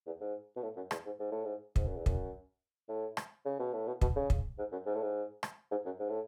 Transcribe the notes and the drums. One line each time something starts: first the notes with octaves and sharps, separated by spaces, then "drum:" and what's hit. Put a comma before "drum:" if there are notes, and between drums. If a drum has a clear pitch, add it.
E2
G#2
B2
A2
F#2
E2, drum: rim click
G#2
G#2
A2
G#2
G#2, drum: kick
F#2
E2
F#2, drum: kick
A2
drum: rim click
C#3
B2
A2
B2
B2, drum: kick
C#3
drum: kick
G#2
F#2
G#2
A2
G#2
drum: rim click
G#2
F#2
G#2
A2